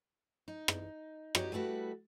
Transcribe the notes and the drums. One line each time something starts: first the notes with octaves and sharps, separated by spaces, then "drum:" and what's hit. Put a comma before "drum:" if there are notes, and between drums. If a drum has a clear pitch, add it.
D#4
drum: rim click
D#4 F#4 G4 C#5, drum: rim click
G3 A3 E4 F#4 B4